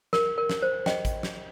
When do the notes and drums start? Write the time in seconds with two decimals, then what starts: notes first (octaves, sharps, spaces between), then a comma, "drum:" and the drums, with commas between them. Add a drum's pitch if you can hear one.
0.13 A#4, drum: snare
0.38 A#4
0.50 drum: snare
0.62 C5
0.86 D#5 G5, drum: snare
1.05 drum: kick A1, hi-hat
1.23 drum: snare